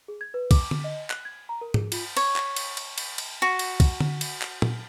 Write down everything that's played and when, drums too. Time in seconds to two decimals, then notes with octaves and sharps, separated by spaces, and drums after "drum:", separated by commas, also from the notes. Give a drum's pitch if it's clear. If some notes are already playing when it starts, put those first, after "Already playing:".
0.08 G#4
0.21 G#6
0.34 B4
0.51 D6, drum: kick, cymbal
0.71 drum: tom D3
0.84 D#5
1.10 F#6, drum: clap
1.25 G#6
1.49 A#5
1.61 A#4
1.74 G#4, drum: tom G#2
1.92 F4, drum: cymbal
2.17 C#5, drum: cymbal
2.36 drum: clap
2.56 drum: cymbal
2.77 drum: cymbal
2.98 drum: cymbal
3.18 drum: cymbal
3.42 F#4
3.59 drum: cymbal
3.80 drum: kick, cymbal
4.00 drum: tom D3
4.21 drum: cymbal
4.42 drum: clap
4.62 drum: tom A#2